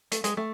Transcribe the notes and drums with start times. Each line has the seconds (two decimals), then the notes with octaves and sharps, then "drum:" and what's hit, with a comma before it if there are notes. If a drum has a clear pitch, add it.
0.12 A3, drum: hi-hat
0.24 G#3, drum: hi-hat
0.37 A3